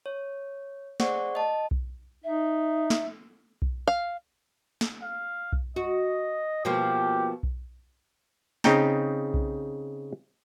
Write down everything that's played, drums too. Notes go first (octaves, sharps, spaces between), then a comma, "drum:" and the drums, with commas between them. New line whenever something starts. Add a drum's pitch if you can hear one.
C#5
A3 G#4 C5 D5 F#5 C#6, drum: snare
D#5 A5
drum: kick B1
D#4 E5
drum: snare
drum: kick B1
F5
drum: snare
F5
drum: kick B1
F#4 D#5
B2 F3 A#3 G4
drum: kick B1
C#3 C4 D#4 G5 A#5, drum: snare
drum: kick B1